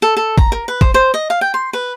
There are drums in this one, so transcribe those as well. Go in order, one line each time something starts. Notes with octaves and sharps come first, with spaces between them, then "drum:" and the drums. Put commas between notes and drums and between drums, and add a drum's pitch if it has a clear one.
A4
A4
A#5, drum: kick
A#4
B4
C5, drum: kick
C5
D#5
F5
G5
C6
B4